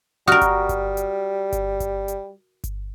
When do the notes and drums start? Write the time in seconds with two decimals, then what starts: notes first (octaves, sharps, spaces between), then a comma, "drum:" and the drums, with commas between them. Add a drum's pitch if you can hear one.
0.28 G3 F#4 A#4 D#6 F6
0.41 drum: kick G1, hi-hat
0.69 drum: kick G1, hi-hat
0.97 drum: hi-hat
1.52 drum: kick G1, hi-hat
1.80 drum: kick G1, hi-hat
2.08 drum: hi-hat
2.64 drum: kick G1, hi-hat